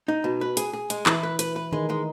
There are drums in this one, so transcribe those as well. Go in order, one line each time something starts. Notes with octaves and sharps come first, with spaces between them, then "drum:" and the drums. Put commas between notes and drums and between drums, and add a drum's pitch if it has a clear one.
D#4
B2
B4
G#4, drum: hi-hat
G#4
G#3, drum: hi-hat
E3 E4 B4, drum: clap
B4
B4, drum: hi-hat
B4
D#3 G#3 D#4
G#3